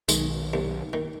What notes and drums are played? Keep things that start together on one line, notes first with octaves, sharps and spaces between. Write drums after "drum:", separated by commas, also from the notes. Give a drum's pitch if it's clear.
B1 D#3 G#3, drum: tambourine
C2
D#3